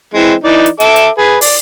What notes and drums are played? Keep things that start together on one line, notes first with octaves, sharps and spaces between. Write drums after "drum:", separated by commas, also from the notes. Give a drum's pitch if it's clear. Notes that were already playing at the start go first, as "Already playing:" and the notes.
E3 G#3 C4
E3 D#4 D5
drum: hi-hat
A4 E5 D6, drum: hi-hat
drum: hi-hat
G#4 B4
D5, drum: open hi-hat